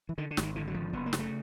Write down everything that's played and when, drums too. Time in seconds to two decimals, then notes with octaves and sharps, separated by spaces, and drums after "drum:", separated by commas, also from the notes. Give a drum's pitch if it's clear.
0.09 E3
0.18 D3 D#3
0.31 D3
0.37 G#1, drum: snare
0.43 D#3
0.56 D3 E3
0.67 F#3
0.74 G#1 F3
0.93 F#1 B3
1.06 A#3
1.13 C#3, drum: snare
1.19 A3